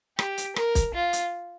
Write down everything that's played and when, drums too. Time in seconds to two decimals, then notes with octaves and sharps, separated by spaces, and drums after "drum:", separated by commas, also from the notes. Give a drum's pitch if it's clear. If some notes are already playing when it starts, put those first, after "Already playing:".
0.19 G4, drum: rim click
0.38 drum: hi-hat
0.56 A#4, drum: rim click
0.75 drum: kick, hi-hat
0.94 F4
1.13 drum: hi-hat